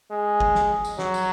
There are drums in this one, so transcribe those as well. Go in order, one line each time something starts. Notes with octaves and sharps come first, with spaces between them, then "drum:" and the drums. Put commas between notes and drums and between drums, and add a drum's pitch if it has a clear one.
G#3
drum: kick
drum: snare
drum: tambourine
F#3, drum: snare
drum: tambourine